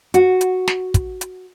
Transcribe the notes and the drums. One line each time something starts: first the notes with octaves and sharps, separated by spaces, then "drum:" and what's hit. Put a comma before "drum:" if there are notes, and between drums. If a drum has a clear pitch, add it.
F#4, drum: hi-hat
drum: hi-hat
drum: snare
drum: kick, hi-hat
drum: hi-hat